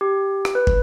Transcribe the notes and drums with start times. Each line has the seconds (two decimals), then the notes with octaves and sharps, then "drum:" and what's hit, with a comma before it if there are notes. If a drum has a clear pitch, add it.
0.01 G4
0.45 drum: rim click
0.55 B4
0.67 drum: kick